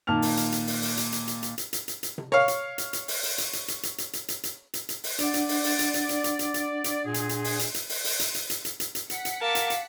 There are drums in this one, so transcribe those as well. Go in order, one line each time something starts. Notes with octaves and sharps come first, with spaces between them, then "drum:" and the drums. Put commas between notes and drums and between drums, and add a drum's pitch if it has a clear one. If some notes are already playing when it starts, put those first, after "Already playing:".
A#2 D#3 A5 F6 F7
drum: open hi-hat
drum: hi-hat
drum: hi-hat
drum: open hi-hat
drum: open hi-hat
drum: hi-hat
drum: hi-hat
drum: hi-hat
drum: hi-hat
drum: hi-hat
drum: hi-hat
drum: hi-hat
drum: hi-hat
drum: tom C3
C#5 F5
drum: hi-hat
drum: hi-hat
drum: hi-hat
drum: open hi-hat
drum: open hi-hat
drum: hi-hat
drum: hi-hat
drum: hi-hat
drum: hi-hat
drum: hi-hat
drum: hi-hat
drum: hi-hat
drum: hi-hat
drum: hi-hat
drum: hi-hat
drum: open hi-hat
D4 D5 F#5, drum: hi-hat
drum: hi-hat
drum: open hi-hat
drum: open hi-hat
drum: hi-hat
drum: hi-hat
drum: hi-hat
drum: hi-hat
drum: hi-hat
drum: hi-hat
drum: hi-hat
A#2 G#4
drum: hi-hat
drum: hi-hat
drum: open hi-hat
drum: hi-hat
drum: hi-hat
drum: open hi-hat
drum: open hi-hat
drum: hi-hat
drum: hi-hat
drum: hi-hat
drum: hi-hat
drum: hi-hat
drum: hi-hat
F#5 B6 C#7, drum: hi-hat
drum: hi-hat
A#4 F5 A5 D6
drum: hi-hat
drum: hi-hat